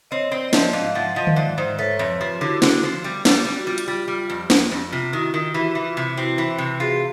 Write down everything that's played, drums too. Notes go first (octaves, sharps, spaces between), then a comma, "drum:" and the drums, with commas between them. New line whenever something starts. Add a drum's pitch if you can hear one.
C4 C#5 D#5
C4 C5 D5
D#5
F3 D5 E5, drum: snare
G#2 D#5 F5
F3 E5 F#5
F#5
F3 D#5 F5
drum: tom D3
G#2 D5 E5
G#2 C5 D5
A3 B4 C#5
F2 B4 C#5
F3 F4 G4
D3 E4 F#4
D3 E4 F#4, drum: snare
F3
G3
G3, drum: snare
G3
F#4
G3 F4 G4
drum: hi-hat
G3 F4 G4
G3 F4
F2
F2, drum: snare
F2
C3 F4
D#3 E4 F#4
D#3 F4 G4
E3 E4 F#4
E3
F4
C3
C4 E4 F#4
E3
C3
F4 F#4 G#4